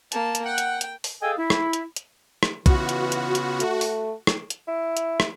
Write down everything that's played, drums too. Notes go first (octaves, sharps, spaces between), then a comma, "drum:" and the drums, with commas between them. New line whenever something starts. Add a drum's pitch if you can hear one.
A#3 A5, drum: hi-hat
drum: hi-hat
F#5 G5
drum: hi-hat
drum: hi-hat
drum: open hi-hat
G#4 A4 D#5 F5 G5 G#5
E4
drum: rim click
drum: hi-hat
drum: hi-hat
drum: rim click
C#3 E3 B3 F4 F#4, drum: kick, hi-hat
drum: hi-hat
drum: hi-hat
drum: hi-hat
A3, drum: hi-hat
drum: open hi-hat
drum: rim click
drum: hi-hat
E4
drum: hi-hat
drum: rim click